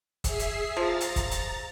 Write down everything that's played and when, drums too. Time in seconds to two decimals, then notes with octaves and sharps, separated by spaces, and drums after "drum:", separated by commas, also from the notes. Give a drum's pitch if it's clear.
0.24 G#4 E5 C7, drum: kick, hi-hat
0.39 drum: hi-hat
0.77 F3 A#5 A6
1.01 drum: hi-hat
1.16 drum: kick, hi-hat
1.31 drum: hi-hat